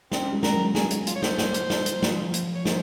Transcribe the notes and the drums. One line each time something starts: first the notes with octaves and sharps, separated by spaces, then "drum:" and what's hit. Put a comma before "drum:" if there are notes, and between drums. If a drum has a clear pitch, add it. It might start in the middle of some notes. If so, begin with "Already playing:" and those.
C4 C#4, drum: snare
G#3
A#4, drum: snare
F#3
G#4, drum: snare
drum: hi-hat
F4, drum: hi-hat
C#5
C5, drum: snare
drum: snare
drum: hi-hat
drum: snare
drum: hi-hat
F3, drum: snare
drum: hi-hat
C#5
C5, drum: snare